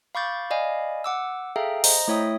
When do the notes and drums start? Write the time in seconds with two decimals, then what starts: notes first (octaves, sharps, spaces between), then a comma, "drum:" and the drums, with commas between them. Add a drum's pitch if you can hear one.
0.15 F5 B5 C#6 D6 G6 A6
0.51 D5 D#5 F5 G#5 B5
1.04 F#5 D6 E6
1.56 G#4 A4 E5 F5 G5 A#5
1.84 C5 D#5 A#5, drum: open hi-hat
2.08 A3 E4 C#5 E5 G5 D#6